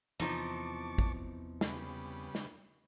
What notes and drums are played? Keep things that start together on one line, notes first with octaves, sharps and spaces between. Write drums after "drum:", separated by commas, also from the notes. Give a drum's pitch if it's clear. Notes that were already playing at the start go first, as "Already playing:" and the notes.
E2 C3 E3 F3 D#4 A5 C#6 D6, drum: hi-hat
drum: kick
C#3 G3 B4, drum: snare
drum: snare